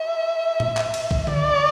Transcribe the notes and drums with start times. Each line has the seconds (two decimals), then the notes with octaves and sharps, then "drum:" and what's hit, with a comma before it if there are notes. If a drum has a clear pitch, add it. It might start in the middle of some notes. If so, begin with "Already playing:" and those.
Already playing: E5
0.60 drum: tom A2
0.77 drum: clap
0.94 drum: cymbal
1.11 drum: kick
1.27 D5, drum: tom D3